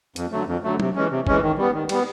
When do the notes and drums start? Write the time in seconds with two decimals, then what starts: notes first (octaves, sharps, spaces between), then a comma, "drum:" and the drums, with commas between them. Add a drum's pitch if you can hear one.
0.16 F2, drum: hi-hat
0.32 D3 F#3 A3
0.47 F2
0.64 D3 F#3 A3
0.80 C3, drum: tom F#3
0.95 E3 G#3 C#4
1.11 C3
1.27 E3 G#3 C#4, drum: kick
1.42 D#3
1.58 G3 B3
1.74 D#3
1.89 G3 B3, drum: cymbal